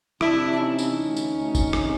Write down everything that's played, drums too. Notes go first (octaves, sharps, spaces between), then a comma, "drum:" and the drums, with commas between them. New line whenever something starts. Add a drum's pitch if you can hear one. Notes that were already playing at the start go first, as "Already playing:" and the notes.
C3 D4 E4, drum: rim click
D4
E3 C#4 D#4
drum: tambourine
D2
drum: tambourine
D2
drum: kick, tambourine
C3, drum: rim click